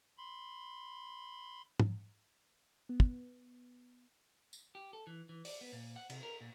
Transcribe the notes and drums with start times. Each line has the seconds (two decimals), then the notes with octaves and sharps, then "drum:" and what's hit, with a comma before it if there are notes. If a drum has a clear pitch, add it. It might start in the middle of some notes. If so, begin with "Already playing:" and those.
0.17 B5 C6
1.80 drum: tom
2.89 B3
3.00 drum: kick
4.53 drum: tambourine
4.75 G4
4.93 A4
5.07 E3
5.29 E3
5.45 D5, drum: open hi-hat
5.61 B3
5.73 A#2
5.96 F#5
6.10 C3, drum: cymbal
6.23 A#4
6.41 A#2